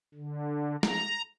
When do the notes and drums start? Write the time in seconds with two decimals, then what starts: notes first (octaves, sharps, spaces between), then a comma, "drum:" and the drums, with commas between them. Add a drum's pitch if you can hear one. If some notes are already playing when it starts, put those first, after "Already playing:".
0.15 D3
0.83 A#5, drum: snare